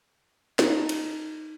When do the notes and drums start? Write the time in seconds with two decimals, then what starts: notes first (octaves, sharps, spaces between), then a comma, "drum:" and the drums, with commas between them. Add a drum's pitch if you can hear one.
0.59 D#4 A4, drum: snare
0.89 drum: cymbal